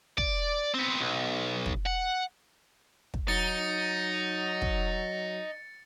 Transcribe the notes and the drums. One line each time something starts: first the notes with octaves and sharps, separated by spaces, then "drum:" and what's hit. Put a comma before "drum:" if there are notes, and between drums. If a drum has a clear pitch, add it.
D5, drum: kick
B3 C4
B1
drum: kick
F#5
drum: kick
F#3 D#4 A6 C#7
drum: kick